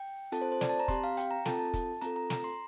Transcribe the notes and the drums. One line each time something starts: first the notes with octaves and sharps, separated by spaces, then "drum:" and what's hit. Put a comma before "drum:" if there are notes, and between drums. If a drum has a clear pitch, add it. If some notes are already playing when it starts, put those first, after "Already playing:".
Already playing: G5
C4 F4 A4 A5, drum: hi-hat
C5
C5
D5, drum: snare
A5
A#5
C4 G4 C6, drum: kick, hi-hat
F5
G5, drum: hi-hat
A#5
C4 F4 A4 A5, drum: snare
A5
drum: kick, hi-hat
C4 F4 A4 A#5, drum: hi-hat
A#5
A#5, drum: snare
C6